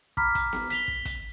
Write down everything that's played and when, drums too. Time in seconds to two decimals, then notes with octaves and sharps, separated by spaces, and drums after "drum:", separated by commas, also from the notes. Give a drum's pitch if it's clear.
0.17 A#5 B5 D6 F6 B6, drum: kick
0.35 drum: kick, hi-hat
0.53 drum: snare B3
0.70 B6 F7 G7, drum: hi-hat
0.88 drum: kick
1.05 drum: kick, hi-hat